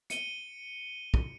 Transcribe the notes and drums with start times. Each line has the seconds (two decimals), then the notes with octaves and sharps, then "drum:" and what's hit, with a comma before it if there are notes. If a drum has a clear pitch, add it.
0.10 C#7 D#7 G7, drum: hi-hat
1.14 drum: kick